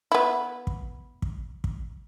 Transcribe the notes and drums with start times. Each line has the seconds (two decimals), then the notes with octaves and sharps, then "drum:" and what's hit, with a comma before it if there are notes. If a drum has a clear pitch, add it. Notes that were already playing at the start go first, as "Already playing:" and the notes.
0.12 B3 E4
0.67 drum: kick
1.22 drum: kick
1.64 drum: kick